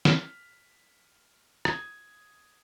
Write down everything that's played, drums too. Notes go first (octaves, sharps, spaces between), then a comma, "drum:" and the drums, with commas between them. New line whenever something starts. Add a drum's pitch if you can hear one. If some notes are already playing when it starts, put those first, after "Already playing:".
F6 B6, drum: snare
D#6 G#6, drum: rim click